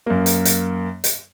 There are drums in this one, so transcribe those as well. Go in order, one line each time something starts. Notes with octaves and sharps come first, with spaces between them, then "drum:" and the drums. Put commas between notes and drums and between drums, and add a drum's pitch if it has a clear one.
F#2 A#3
drum: hi-hat
drum: hi-hat
drum: hi-hat